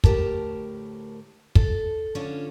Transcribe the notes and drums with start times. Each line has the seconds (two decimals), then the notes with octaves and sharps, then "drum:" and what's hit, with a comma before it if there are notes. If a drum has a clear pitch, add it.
0.04 D2 A2 G4 A#4 A5, drum: kick
1.55 A4, drum: kick
2.15 D3 C#4 D4 F4 C#5